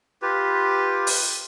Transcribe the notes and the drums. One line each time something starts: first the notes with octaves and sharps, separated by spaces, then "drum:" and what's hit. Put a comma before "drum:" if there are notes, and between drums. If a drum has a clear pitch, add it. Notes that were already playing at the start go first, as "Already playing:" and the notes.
F4 G4 B4
drum: open hi-hat